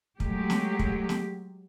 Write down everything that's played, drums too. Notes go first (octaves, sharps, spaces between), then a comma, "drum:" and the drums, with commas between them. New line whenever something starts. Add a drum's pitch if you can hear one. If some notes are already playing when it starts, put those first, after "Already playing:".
F#3 G#3 A3 G4, drum: kick
drum: snare
drum: kick
drum: snare